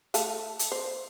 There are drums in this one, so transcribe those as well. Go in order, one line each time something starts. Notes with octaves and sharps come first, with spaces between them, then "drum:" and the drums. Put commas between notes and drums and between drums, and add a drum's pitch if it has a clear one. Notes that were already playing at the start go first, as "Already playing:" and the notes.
A3 F5 A5, drum: hi-hat
drum: hi-hat
C5